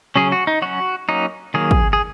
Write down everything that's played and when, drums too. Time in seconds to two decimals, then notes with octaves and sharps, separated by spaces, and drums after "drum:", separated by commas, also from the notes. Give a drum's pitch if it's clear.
0.16 C#3 F#3 C#4 G#4
0.32 F#4
0.47 D#4
0.62 F#3 C#4 F#4
1.09 F#3 A#3 C#4 D#4
1.54 D#3 F#3 A#3 G#4
1.71 drum: kick
1.93 G#4